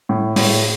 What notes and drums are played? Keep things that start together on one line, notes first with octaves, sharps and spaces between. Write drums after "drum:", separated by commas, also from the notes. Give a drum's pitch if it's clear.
A2
A2, drum: open hi-hat